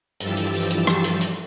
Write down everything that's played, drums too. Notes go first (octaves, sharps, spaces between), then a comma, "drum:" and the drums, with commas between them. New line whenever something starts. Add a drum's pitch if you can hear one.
G2 E3 F3 G4 E6 A6, drum: hi-hat
drum: hi-hat
drum: open hi-hat
drum: hi-hat
drum: rim click
drum: hi-hat
drum: hi-hat